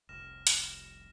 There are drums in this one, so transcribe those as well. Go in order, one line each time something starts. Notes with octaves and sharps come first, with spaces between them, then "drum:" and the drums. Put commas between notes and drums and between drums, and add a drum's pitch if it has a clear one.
F1 C2 F6 A#6 E7
drum: hi-hat